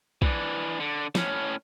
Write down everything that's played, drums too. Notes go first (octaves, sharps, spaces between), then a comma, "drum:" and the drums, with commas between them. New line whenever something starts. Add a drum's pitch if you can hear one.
E3 D4, drum: kick
D3
A2 C#4, drum: snare